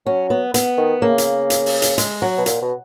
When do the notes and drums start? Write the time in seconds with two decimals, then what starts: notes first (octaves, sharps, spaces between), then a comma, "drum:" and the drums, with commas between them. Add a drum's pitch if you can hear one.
0.06 F#3 C#4
0.30 B3
0.54 B3, drum: hi-hat
0.78 D#3
1.02 C#3 A#3
1.18 drum: hi-hat
1.50 drum: hi-hat
1.66 drum: open hi-hat
1.82 drum: hi-hat
1.98 G#3, drum: hi-hat
2.22 F#3
2.38 B2
2.46 A#2, drum: hi-hat
2.62 B2